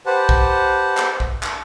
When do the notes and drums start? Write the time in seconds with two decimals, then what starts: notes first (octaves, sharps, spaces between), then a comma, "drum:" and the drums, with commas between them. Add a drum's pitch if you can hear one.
0.06 G4 B4 C5 F#5 A5
0.29 drum: kick
0.97 drum: clap
1.20 drum: kick
1.43 drum: clap